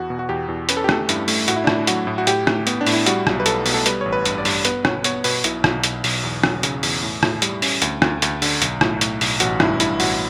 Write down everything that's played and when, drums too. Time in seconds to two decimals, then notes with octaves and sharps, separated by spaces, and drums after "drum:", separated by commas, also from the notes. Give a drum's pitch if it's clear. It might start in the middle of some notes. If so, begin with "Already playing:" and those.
Already playing: E2 F#4
0.10 B2
0.19 F#4
0.29 E2 G4
0.49 E2
0.69 C#4 B4, drum: hi-hat
0.77 A4
0.84 G4
0.89 A3 A4, drum: rim click
1.09 G2 E4, drum: hi-hat
1.28 A3, drum: open hi-hat
1.48 A2 F#4, drum: hi-hat
1.56 E4
1.64 D4
1.67 A2 E4, drum: rim click
1.87 F#3 F#4, drum: hi-hat
2.07 A2
2.18 F#4
2.27 A2 G4, drum: hi-hat
2.47 A2, drum: rim click
2.67 B3, drum: hi-hat
2.81 D4
2.86 A2, drum: open hi-hat
2.93 E4
3.06 G3 F#4, drum: hi-hat
3.27 B1, drum: rim click
3.40 B4
3.46 B1 A4, drum: hi-hat
3.66 B2, drum: open hi-hat
3.74 A4
3.86 G3 B4, drum: hi-hat
4.01 A1 C#5
4.12 B4
4.25 G2, drum: hi-hat
4.38 D5
4.45 G2, drum: open hi-hat
4.65 B3 B4, drum: hi-hat
4.85 B2 C#5, drum: rim click
5.04 B3 C#5, drum: hi-hat
5.24 B2 B4, drum: open hi-hat
5.44 B1 E4, drum: hi-hat
5.64 B1, drum: rim click
5.84 B1, drum: hi-hat
6.04 B1, drum: open hi-hat
6.23 E2
6.43 F#3, drum: rim click
6.63 C#3, drum: hi-hat
6.83 E2, drum: open hi-hat
7.03 A2
7.23 A2, drum: rim click
7.42 G3, drum: hi-hat
7.62 C#4, drum: open hi-hat
7.82 D2, drum: hi-hat
8.02 D2, drum: rim click
8.22 D2, drum: hi-hat
8.42 D3, drum: open hi-hat
8.62 B1, drum: hi-hat
8.81 A2, drum: rim click
9.01 A2, drum: hi-hat
9.21 B1, drum: open hi-hat
9.40 A1 F#4, drum: hi-hat
9.60 G2 E4, drum: rim click
9.80 G2 E4, drum: hi-hat
10.00 A1 F#4, drum: open hi-hat